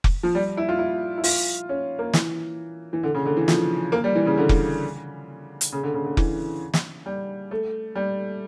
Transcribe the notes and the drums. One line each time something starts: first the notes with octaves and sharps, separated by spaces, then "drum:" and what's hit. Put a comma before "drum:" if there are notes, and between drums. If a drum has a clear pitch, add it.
drum: kick F1
F3
G3
E4
F4
E4
E4
F4, drum: open hi-hat
C#4
A#3
E3, drum: snare
E3
D3
C#3
D3
E3
F3, drum: snare
A#3
G3
E3
C#3
D3
drum: kick F1
drum: hi-hat
C#3
D3
C#3
D3
E3, drum: kick F1
drum: snare
G3
A3
G3